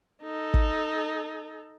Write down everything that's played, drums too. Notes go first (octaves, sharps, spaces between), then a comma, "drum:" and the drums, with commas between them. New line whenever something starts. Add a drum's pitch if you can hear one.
D#4 A4
drum: kick